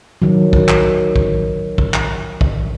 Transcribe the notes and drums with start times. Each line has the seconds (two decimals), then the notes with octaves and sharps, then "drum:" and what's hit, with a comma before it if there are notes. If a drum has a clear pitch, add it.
0.22 D#3 F#3
0.53 drum: kick
0.69 drum: clap
1.16 drum: kick
1.78 drum: kick
1.94 drum: clap
2.41 drum: kick